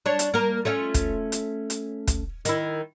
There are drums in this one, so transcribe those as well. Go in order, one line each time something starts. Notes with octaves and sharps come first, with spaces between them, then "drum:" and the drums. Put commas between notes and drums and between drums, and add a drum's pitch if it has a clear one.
D4 C#5
drum: hi-hat
A#3 A#4
A3 C#4 F4
drum: kick, hi-hat
drum: hi-hat
drum: hi-hat
drum: kick, hi-hat
D#3 E4, drum: hi-hat